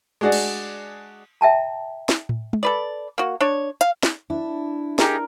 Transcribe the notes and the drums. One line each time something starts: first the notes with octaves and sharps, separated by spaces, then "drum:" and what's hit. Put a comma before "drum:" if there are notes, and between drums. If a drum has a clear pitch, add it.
G#3 D4 F#4 G#4 D5
drum: cymbal
E5 G5 A5 A#5
drum: snare
drum: tom A2
drum: tom
A4 B4 D5
A#3 F#4
D4 C#5
F5, drum: hi-hat
drum: snare
D4 E4
D#4 G4 G#4 A#4, drum: snare